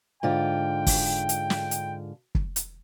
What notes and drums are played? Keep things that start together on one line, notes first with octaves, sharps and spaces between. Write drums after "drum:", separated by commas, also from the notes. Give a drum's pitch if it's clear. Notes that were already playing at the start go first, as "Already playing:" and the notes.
G#2 D3 F4 G5
drum: kick, open hi-hat
drum: hi-hat
drum: snare
drum: hi-hat
drum: kick
drum: hi-hat